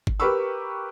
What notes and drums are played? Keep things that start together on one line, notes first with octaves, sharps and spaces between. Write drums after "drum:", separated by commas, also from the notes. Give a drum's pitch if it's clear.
drum: kick G1
G4 A#4 B4 B5 C#6 E6